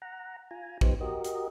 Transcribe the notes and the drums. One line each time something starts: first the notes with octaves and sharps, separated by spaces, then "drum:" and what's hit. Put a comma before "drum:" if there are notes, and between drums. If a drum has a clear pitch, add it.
F#5 A#5
F4 G#5 A#5
F3 B3 D#4 G4 C5, drum: kick
F#4 G4 A#4 D#5
drum: hi-hat